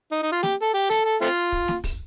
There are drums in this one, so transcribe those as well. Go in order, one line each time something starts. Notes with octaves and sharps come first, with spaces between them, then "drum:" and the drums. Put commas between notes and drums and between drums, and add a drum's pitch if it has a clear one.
D#4
D#4
F4
G4, drum: snare
A4
G4
A4, drum: hi-hat
A4
A3 C4 F4
drum: kick
drum: snare
drum: kick, open hi-hat